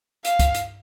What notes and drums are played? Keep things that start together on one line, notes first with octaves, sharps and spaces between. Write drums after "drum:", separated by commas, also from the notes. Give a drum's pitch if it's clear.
F5, drum: hi-hat
drum: kick, hi-hat
drum: hi-hat